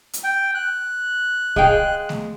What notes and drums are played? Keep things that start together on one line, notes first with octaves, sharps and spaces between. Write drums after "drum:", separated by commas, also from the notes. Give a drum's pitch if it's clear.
drum: hi-hat
G5
F#6
G#3 F5 G5, drum: kick A#1
drum: snare A3